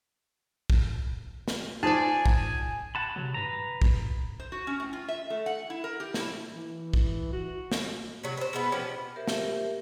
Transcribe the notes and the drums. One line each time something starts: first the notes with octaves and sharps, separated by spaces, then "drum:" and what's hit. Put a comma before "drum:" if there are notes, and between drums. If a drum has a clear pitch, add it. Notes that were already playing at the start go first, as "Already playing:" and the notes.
drum: kick
drum: snare
D#4 F4 G#4 C5 D5 G#5 A5
drum: kick
F#5 A5 B5
C3 F#3
G2 B4 A#5
drum: kick
C5
F#4
C#4
A2
F4
E5
A3
F#5
E4
A#4
G4
E4, drum: snare
E3
drum: kick
F#4
drum: snare
C3 F#3
B4 C5
B2 G#3 B3
F3 B3 C#4 G4
G4 A#4 C5 E5
drum: snare